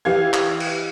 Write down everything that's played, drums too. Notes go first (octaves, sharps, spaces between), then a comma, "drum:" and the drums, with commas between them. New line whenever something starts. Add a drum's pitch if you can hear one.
E3 G4 F5 G#6
drum: clap
drum: cymbal